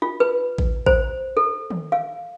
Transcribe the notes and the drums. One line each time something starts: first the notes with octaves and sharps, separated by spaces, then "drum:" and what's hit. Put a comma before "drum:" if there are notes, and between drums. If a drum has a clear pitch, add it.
F4
B4
drum: kick A1
C5, drum: kick A1
A4
drum: tom D#3
F5